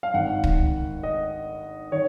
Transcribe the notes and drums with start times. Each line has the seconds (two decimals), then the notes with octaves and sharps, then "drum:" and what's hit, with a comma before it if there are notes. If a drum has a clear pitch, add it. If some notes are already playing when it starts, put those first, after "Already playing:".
0.03 F5
0.14 G#1 G#2 D#3 F#5
0.44 drum: kick
1.03 D#5
1.92 D#3 C#5